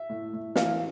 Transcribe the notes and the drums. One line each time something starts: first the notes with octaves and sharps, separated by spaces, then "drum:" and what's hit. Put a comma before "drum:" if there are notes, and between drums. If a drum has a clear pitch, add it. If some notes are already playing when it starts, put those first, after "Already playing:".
Already playing: E5
A2
A2
E3 F5, drum: snare